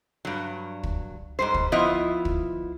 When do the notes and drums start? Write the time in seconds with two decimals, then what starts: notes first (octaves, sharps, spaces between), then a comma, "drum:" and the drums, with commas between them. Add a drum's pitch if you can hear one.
0.25 G2 F#3
0.83 drum: kick
1.39 G#2 G3 C5
1.54 drum: kick
1.72 F3 B3 E4 F4 D#5
2.25 drum: kick